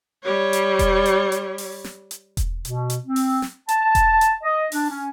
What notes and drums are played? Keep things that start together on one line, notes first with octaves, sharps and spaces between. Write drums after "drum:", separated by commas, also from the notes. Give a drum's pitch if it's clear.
G3 C#5
drum: hi-hat
drum: kick E1, hi-hat
drum: hi-hat
drum: hi-hat
drum: open hi-hat
drum: snare
drum: hi-hat
drum: kick E1, hi-hat
B2, drum: hi-hat
drum: hi-hat
C4
drum: open hi-hat
drum: snare
A5, drum: hi-hat
drum: kick E1, hi-hat
drum: hi-hat
D#5
D4, drum: open hi-hat
C#4